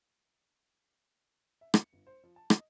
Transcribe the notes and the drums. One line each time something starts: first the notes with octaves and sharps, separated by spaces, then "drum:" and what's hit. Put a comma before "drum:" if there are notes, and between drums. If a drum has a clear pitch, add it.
E5
C#7, drum: rim click
G1
C5
F3
A5
D#5, drum: rim click